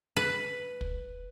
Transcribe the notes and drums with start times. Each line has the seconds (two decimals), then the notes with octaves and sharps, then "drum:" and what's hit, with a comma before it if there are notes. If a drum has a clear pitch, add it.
0.17 B4
0.81 drum: kick